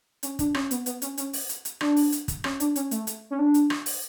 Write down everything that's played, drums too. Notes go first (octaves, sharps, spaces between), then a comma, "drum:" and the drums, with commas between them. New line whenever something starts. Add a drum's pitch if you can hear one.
C#4, drum: hi-hat
D4, drum: kick, hi-hat
C#4, drum: rim click
B3, drum: hi-hat
B3, drum: hi-hat
C#4, drum: hi-hat
C#4, drum: hi-hat
drum: open hi-hat
drum: hi-hat
drum: hi-hat
D4, drum: rim click
drum: open hi-hat
drum: hi-hat
drum: kick, hi-hat
C#4, drum: rim click
D4, drum: hi-hat
C#4, drum: hi-hat
A3, drum: hi-hat
drum: hi-hat
C#4
D4
drum: hi-hat
drum: rim click
drum: open hi-hat